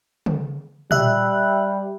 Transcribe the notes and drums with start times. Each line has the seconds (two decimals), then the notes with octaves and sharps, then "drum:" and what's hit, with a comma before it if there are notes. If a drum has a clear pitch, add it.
0.26 drum: tom C#3
0.91 G3 E5 F#6, drum: tom A#2